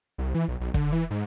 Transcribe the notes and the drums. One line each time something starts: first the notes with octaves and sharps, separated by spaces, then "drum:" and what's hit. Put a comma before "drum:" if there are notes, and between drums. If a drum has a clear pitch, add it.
C2
E3
B1
B1
D3, drum: kick
E3
G#2